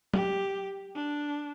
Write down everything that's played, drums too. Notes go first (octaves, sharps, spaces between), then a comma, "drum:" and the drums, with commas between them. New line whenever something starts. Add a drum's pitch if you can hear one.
G4, drum: tom F#3
D4